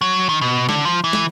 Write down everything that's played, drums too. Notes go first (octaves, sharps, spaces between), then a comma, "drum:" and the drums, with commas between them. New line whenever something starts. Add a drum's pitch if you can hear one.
F#3
D#3
B2
D3, drum: snare
F3
E3
drum: snare